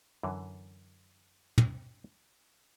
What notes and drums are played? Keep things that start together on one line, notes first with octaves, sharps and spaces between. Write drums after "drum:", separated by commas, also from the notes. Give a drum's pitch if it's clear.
F#2 D3 E3
drum: tom